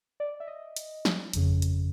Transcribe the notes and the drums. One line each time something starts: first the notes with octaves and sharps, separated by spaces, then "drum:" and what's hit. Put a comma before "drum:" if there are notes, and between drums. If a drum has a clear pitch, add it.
D5
E5
D#5
drum: hi-hat
drum: snare
G1 F2 C#3, drum: hi-hat
drum: hi-hat